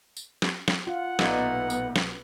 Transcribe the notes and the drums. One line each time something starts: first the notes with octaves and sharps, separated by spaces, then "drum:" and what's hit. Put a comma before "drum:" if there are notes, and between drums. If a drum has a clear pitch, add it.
drum: tambourine
drum: snare
drum: snare
F4 F#5
B1 A#2 A3 B3 D#4, drum: snare
drum: tambourine
drum: snare